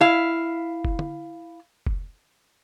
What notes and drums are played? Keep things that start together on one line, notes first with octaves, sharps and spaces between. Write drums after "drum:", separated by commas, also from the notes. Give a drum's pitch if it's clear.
E4 F5
drum: kick F1
drum: tom
drum: kick F1